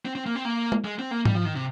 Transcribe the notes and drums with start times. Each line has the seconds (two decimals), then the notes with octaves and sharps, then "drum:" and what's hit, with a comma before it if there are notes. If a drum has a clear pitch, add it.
0.05 C4
0.15 C4
0.26 A#3
0.35 C4
0.45 A#3
0.72 drum: tom
0.85 G#3
0.99 C4
1.11 A#3
1.25 G3, drum: tom G#2
1.35 F3
1.45 D#3
1.55 C3